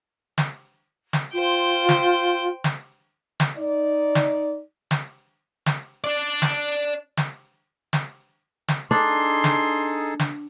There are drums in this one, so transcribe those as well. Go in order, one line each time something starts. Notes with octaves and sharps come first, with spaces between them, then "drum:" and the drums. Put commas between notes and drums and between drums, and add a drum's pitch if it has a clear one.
drum: snare
drum: snare
F4 C5 G5
drum: snare
drum: snare
drum: snare
D#4 D5
drum: snare
drum: snare
drum: snare
D4 D5
drum: snare
drum: snare
drum: snare
drum: snare
D4 D#4 G#4 A4 C6
drum: snare
drum: snare